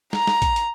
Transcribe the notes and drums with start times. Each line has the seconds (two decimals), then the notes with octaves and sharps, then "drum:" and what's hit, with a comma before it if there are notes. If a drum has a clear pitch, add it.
0.13 A#5, drum: snare
0.27 drum: snare
0.42 drum: kick, hi-hat
0.56 drum: hi-hat